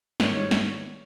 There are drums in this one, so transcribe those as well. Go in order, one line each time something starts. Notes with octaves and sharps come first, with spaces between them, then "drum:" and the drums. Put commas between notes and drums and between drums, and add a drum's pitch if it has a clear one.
G#2 D#3 G3 C#5, drum: snare
drum: snare